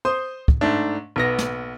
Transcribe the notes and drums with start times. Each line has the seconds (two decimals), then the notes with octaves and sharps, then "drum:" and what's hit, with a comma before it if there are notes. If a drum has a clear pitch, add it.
0.05 C5 C6 D#6
0.48 drum: kick
0.61 G#2 A3 D4
1.16 B1 B3 A#6
1.38 drum: snare